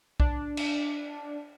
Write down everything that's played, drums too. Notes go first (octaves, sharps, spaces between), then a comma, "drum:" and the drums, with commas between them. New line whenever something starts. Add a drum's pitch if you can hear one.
D4, drum: kick B1
drum: cymbal